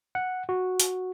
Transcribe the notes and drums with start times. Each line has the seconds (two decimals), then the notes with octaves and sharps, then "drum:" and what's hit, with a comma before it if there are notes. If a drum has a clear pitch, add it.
0.15 F#5
0.49 F#4
0.80 drum: hi-hat